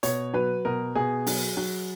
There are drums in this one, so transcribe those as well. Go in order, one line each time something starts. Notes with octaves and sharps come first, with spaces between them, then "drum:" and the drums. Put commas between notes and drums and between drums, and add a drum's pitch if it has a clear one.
B2 C#5, drum: hi-hat
F#3 B4
B2 A#4
B2 G#4
F#3, drum: open hi-hat
F#3